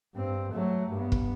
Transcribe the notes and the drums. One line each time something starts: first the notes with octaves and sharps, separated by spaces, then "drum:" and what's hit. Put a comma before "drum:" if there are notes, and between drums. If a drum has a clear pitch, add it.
G2 C4
F#3 A3
G2 B3
drum: kick